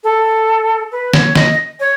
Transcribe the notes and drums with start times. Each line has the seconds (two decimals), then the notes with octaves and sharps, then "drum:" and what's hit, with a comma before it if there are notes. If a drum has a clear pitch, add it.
0.04 A4
0.91 B4
1.13 C#5, drum: snare
1.35 D#5, drum: snare
1.80 C#5